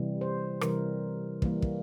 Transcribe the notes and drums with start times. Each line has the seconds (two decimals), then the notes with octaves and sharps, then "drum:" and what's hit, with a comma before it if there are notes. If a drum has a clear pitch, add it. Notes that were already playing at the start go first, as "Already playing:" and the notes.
Already playing: C3 E3 G3
0.21 C5
0.61 C3 E3 G3 A#4, drum: rim click
1.42 E3 G3 A#3, drum: kick
1.62 drum: kick